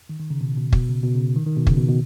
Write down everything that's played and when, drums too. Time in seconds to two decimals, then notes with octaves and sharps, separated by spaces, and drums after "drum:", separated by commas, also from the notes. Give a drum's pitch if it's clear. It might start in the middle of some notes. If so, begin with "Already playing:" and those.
0.09 D#3
0.20 D#3
0.30 C#3
0.41 B2
0.57 B2
0.73 B2, drum: kick
0.89 C#3
1.04 B2
1.15 C#3
1.36 D#3
1.46 D#3
1.57 B2
1.67 C#3, drum: kick
1.77 B2
1.88 B2